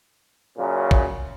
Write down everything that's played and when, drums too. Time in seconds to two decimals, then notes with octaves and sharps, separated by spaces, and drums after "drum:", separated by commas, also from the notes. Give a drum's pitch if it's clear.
0.58 F#2 A#2 C#3
0.91 drum: kick